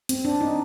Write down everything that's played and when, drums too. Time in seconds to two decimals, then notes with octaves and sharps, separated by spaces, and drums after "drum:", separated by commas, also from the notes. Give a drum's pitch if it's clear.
0.09 C4, drum: hi-hat
0.25 D4
0.41 D#4